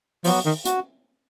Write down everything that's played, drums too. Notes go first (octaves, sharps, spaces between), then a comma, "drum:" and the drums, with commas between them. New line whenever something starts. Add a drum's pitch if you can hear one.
F3 F#3 B3 F#4, drum: open hi-hat
D#3
F#4, drum: hi-hat